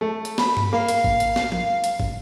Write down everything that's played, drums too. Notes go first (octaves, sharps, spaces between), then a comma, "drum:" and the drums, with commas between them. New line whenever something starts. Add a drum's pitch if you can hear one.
A3
drum: hi-hat
B5, drum: snare
drum: tom G2
A#3 F5
drum: hi-hat
drum: kick
drum: hi-hat
drum: snare
drum: tom F3
drum: hi-hat
drum: kick